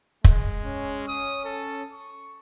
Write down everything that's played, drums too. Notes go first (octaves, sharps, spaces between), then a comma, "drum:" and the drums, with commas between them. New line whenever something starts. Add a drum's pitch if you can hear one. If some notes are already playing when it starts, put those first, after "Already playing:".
G#3, drum: kick
C#4
D#6
A4
C#6